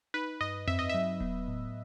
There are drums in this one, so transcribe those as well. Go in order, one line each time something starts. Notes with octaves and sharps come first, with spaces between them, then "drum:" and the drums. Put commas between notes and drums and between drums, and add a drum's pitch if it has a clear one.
D#4 B4
G2 D#5
C4 E5, drum: tom F2
D#5
F#3 E5
B3, drum: kick D#1
A2